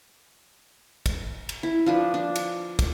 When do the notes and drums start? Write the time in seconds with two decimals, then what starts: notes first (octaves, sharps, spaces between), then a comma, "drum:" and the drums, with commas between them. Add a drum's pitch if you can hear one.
1.06 drum: kick, cymbal
1.49 drum: cymbal
1.63 E4
1.86 F3 D4 B4
2.14 D4
2.36 drum: cymbal
2.79 drum: kick, cymbal